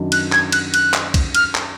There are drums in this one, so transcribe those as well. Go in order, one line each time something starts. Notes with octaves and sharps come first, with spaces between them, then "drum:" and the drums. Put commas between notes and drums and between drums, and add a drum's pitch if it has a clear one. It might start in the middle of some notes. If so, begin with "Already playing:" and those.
Already playing: F#2 D#3 F#3 D4
F#6, drum: cymbal
G#6, drum: clap
F#6, drum: cymbal
F#6, drum: cymbal
drum: clap
drum: kick B1, cymbal
F6, drum: cymbal
drum: clap